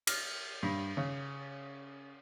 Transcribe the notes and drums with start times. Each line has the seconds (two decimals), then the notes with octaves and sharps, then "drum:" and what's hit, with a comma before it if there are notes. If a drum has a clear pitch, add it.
0.07 F6, drum: cymbal
0.63 G2
0.97 C#3